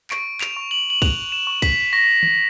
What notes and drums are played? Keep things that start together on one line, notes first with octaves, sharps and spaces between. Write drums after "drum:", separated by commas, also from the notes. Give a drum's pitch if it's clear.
C#6 D7, drum: clap
F7, drum: clap
C#6
F#7
F#7
F#6 F7, drum: kick, cymbal
E7
C#6
B6, drum: kick, cymbal
C#6 A#6
drum: tom D#3